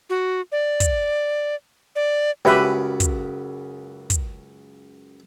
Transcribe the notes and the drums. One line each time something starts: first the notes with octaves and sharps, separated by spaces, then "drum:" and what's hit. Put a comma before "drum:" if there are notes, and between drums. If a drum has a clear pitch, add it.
F#4
D5
drum: kick, hi-hat
D5
C#2 F#2 G4 B4 E5 B5
drum: kick, hi-hat
drum: kick, hi-hat